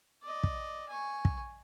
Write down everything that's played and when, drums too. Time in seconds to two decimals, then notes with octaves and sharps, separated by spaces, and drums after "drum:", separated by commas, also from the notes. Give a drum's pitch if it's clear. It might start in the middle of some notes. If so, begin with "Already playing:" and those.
0.23 D5 D#5
0.43 drum: kick
0.89 G#5 C#6
1.25 drum: kick